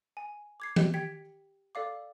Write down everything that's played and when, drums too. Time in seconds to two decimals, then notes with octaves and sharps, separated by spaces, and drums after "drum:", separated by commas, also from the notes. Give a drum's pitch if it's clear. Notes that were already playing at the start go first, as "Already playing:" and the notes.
0.17 G#5
0.60 D6 G#6 C7
0.76 drum: tom D#3
0.94 G4 G5 G#6 B6 C#7
1.75 A4 D5 F5 D6